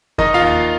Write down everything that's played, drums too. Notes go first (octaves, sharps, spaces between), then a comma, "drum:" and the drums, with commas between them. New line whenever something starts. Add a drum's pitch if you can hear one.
D#3 D#4 D#5, drum: kick E2
F4 F5
D#2